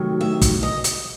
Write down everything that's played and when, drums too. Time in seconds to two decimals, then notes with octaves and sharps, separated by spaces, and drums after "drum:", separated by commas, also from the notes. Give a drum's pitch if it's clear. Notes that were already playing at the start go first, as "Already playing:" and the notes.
Already playing: C3 D#3 F#3 A3
0.21 E5
0.42 drum: kick, hi-hat
0.63 D#5
0.84 drum: hi-hat